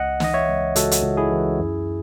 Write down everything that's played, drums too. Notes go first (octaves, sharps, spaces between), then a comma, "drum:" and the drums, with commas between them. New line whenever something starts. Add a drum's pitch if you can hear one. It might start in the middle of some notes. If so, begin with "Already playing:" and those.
Already playing: C#2 D#5 F#5
E3 D#5, drum: snare
C#5 E5
C#2
C#2 F#4 A4, drum: hi-hat
drum: hi-hat
C#2
E4 G#4
E3
F#2